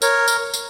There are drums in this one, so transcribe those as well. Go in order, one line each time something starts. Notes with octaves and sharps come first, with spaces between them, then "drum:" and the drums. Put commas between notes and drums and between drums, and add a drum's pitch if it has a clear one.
A#4 C#5, drum: tambourine
drum: tambourine
drum: tambourine